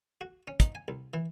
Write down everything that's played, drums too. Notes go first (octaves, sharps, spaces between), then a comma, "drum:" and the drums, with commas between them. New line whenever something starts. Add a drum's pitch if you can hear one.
F#4
C#4
D#4, drum: kick, hi-hat
G#5
C2
E3